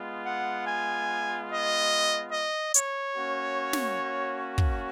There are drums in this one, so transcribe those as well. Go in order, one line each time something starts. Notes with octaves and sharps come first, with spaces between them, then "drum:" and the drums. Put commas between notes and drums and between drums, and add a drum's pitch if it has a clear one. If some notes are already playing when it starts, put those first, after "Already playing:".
Already playing: G#3 B3 F4
F#5
G#5
D#5
D#5
C#5, drum: hi-hat
A#3 C#4 F#4
drum: snare
drum: kick